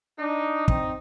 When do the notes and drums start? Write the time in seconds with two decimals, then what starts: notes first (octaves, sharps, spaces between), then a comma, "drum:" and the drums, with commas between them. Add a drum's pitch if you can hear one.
0.19 D4 D#4
0.68 C4 D#4, drum: kick